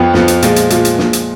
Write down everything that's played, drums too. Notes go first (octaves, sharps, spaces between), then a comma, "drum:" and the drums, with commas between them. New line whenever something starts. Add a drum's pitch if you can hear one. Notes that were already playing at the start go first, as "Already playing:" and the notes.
Already playing: F2 F3 B3
F2 F3 B3, drum: snare
drum: hi-hat
A#2 F3 G#3, drum: hi-hat
drum: hi-hat
A#2 F3 G#3, drum: hi-hat
drum: hi-hat
A#2 F3 G#3, drum: snare
drum: hi-hat